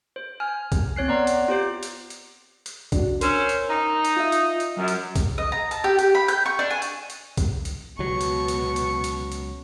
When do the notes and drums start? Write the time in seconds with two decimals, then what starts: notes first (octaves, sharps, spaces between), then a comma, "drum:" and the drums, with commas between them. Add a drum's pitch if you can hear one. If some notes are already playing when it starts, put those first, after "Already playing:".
0.16 C5
0.40 G#5 F6
0.72 drum: kick B1, hi-hat
0.96 C4 C#5 F#6 C7
1.08 B3 D5 A#5 C7
1.27 drum: hi-hat
1.48 F4 G4 C5
1.83 drum: hi-hat
2.10 drum: hi-hat
2.66 drum: hi-hat
2.92 D4 F#4, drum: kick B1, hi-hat
3.21 C#4 A#4 C5 E6, drum: hi-hat
3.49 drum: hi-hat
3.69 D#4
4.05 drum: hi-hat
4.17 F4 E5
4.32 drum: hi-hat
4.60 drum: hi-hat
4.77 F#2 F#3
4.88 drum: hi-hat
5.16 drum: kick B1, hi-hat
5.38 D#5
5.52 A#5
5.71 A5, drum: hi-hat
5.84 G4
5.99 G4, drum: hi-hat
6.15 B5
6.28 G6, drum: hi-hat
6.46 C#6
6.59 D4
6.70 G#5
6.82 drum: hi-hat
7.10 drum: hi-hat
7.37 drum: kick B1, hi-hat
7.65 drum: hi-hat
7.99 C#2 B2 F#3 C#6
8.21 drum: hi-hat
8.48 drum: hi-hat
8.76 drum: hi-hat
9.04 drum: hi-hat
9.32 drum: hi-hat